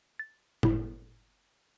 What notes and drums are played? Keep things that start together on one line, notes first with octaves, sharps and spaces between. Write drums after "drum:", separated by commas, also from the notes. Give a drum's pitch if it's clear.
A6
G1 E4, drum: tom A2